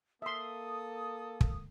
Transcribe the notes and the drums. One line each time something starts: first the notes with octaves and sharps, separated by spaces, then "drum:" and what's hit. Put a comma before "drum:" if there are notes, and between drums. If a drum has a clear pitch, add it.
A#3 A4 E5 C6 D#6
drum: kick